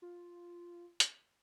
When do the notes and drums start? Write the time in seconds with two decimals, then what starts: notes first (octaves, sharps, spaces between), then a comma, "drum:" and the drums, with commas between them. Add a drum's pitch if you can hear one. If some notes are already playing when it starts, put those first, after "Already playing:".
0.02 F4
1.00 drum: hi-hat